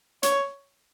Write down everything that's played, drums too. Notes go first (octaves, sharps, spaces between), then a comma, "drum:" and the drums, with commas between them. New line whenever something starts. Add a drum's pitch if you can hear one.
C#5, drum: hi-hat